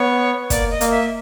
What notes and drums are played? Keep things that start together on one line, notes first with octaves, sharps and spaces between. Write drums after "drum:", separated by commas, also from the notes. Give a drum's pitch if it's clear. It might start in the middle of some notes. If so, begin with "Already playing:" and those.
Already playing: B3 C#5
A#3 D5, drum: kick, hi-hat
D#5
A#3, drum: hi-hat
E5